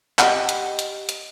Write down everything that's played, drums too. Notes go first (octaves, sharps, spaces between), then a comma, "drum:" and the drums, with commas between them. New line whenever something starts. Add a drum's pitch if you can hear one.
G4 D#5 F#5, drum: clap
drum: hi-hat
drum: hi-hat
drum: hi-hat